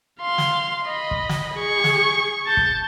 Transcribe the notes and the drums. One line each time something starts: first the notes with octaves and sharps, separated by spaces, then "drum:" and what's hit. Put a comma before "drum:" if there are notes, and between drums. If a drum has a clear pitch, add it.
F5 C6
drum: snare
D#5 B5
drum: kick
drum: snare
G#4 C#6
drum: snare
A5 G6
drum: kick